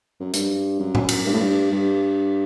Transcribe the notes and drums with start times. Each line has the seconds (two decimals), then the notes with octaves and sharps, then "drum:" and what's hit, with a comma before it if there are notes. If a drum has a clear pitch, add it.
0.20 F#2
0.33 G2, drum: hi-hat
0.80 F#2
0.95 drum: tom A2
1.09 drum: cymbal
1.26 G2
1.33 A2
1.40 G2
1.71 G2